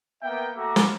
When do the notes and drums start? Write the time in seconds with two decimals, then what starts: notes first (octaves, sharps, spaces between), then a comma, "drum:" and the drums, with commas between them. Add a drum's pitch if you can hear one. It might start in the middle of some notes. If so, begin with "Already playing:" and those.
0.22 A#3 B3 E5 G5
0.56 A3 F#4 A4 E5 A#5 D6
0.76 drum: snare